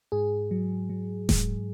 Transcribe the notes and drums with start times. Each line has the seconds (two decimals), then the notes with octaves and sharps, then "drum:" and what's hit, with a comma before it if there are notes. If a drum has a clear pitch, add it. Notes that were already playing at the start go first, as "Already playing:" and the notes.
0.12 G#2 G#4
0.51 F#3
0.90 F#3
1.29 G#2, drum: snare D#1